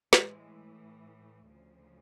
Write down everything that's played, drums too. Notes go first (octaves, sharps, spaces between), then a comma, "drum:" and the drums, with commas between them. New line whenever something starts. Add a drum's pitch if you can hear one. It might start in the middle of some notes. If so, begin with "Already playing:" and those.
A2 E3 G#3, drum: snare
A3
D2 C#3 F3